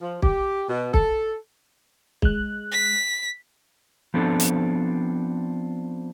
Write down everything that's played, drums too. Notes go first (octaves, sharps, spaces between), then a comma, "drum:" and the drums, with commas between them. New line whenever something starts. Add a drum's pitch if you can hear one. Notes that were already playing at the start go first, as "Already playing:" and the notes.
F3
G4, drum: kick
B2
A4, drum: kick
G#3 F#6, drum: kick
B6
F3 B3 C4 D4 A4
drum: hi-hat